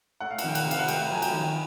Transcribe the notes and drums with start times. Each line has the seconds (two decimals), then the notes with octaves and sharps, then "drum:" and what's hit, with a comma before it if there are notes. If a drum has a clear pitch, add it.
0.20 A3 F#5
0.31 F5
0.38 F#5, drum: cymbal
0.44 D#3 G5
0.55 F#5, drum: cymbal
0.65 C3
0.71 F5, drum: cymbal
0.79 F#5
0.88 A3 G5, drum: cymbal
1.10 F#3 G#5
1.22 G5, drum: cymbal
1.33 D#3